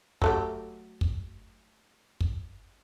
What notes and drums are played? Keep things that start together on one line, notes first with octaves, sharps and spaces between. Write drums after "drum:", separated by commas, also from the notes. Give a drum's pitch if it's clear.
F#3 A3 G4, drum: kick
drum: kick
drum: kick